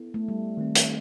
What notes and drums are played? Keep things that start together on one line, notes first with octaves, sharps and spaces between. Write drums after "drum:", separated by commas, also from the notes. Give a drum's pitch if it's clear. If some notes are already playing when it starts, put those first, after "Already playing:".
Already playing: B3 E4 A4
A3
G3
D#3 A3 C4
drum: hi-hat